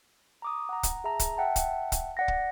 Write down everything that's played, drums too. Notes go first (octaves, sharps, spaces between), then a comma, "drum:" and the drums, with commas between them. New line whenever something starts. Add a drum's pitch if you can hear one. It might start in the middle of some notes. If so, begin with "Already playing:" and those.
A#5 D6 D#6
F#5 A#5
drum: kick, hi-hat
G#4 E5 A5 A#5
drum: kick, hi-hat
E5 F#5 G5 A5
drum: kick, hi-hat
drum: kick, hi-hat
D5 F#5 A#6
drum: kick